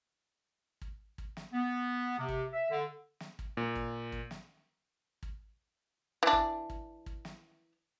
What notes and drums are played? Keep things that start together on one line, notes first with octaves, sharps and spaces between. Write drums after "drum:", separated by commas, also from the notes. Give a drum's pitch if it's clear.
drum: kick
drum: kick
drum: snare
B3
C3
drum: kick
E5
D3
drum: snare
drum: kick
A#2
drum: kick
drum: kick
drum: snare
drum: kick
E3 D4
drum: kick
drum: kick
drum: kick
drum: snare